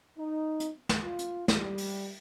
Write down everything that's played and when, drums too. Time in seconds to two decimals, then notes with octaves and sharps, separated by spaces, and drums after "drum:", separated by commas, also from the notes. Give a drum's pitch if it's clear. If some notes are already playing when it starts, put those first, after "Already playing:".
0.18 D#4
0.60 drum: hi-hat
0.89 drum: snare
1.04 F4
1.19 drum: hi-hat
1.48 G3, drum: snare
1.78 drum: open hi-hat